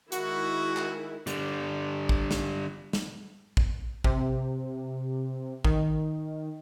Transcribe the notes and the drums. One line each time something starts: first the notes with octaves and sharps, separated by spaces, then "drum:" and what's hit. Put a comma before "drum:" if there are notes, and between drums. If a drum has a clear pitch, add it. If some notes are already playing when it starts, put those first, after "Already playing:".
D#3 G#3 E4 F#4, drum: hi-hat
drum: clap
D3 G3, drum: hi-hat
drum: kick
drum: snare
drum: snare
drum: kick
C3, drum: kick
D#3, drum: kick